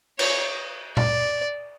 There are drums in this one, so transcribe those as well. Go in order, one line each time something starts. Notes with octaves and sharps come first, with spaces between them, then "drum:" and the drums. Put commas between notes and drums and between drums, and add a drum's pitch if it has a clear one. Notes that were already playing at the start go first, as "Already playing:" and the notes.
C#5, drum: cymbal
D5, drum: tom A#2